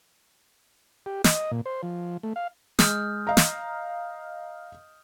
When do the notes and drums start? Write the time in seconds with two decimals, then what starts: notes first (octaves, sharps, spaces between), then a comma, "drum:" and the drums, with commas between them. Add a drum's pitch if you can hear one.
1.06 G4
1.24 D#5, drum: snare
1.51 A#2
1.66 C5
1.83 F3
2.23 A3
2.36 F5
2.79 G#3 D#6 F6 G6, drum: snare
3.27 D#5 F5 A#5
3.37 drum: snare